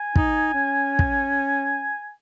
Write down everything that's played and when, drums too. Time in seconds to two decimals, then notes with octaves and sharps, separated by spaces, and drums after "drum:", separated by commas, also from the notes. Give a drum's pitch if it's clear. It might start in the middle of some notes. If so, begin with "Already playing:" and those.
Already playing: G#5
0.16 D#4, drum: kick
0.54 C#4
0.99 drum: kick